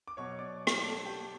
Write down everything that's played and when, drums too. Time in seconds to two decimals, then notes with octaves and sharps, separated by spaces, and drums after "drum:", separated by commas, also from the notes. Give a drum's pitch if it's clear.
0.08 D6
0.17 B2 F#3 C#5 C#6
0.39 D5 D6
0.67 drum: rim click
0.83 A4 A5
1.05 G4 G5